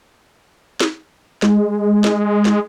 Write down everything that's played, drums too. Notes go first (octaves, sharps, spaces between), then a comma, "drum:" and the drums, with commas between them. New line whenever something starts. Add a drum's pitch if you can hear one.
drum: snare
G#3, drum: snare
drum: snare
drum: snare